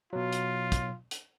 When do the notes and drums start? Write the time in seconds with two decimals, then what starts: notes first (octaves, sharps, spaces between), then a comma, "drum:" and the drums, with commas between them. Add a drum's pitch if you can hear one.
0.13 B2 F#3 F4
0.33 drum: hi-hat
0.72 drum: kick, hi-hat
1.11 drum: hi-hat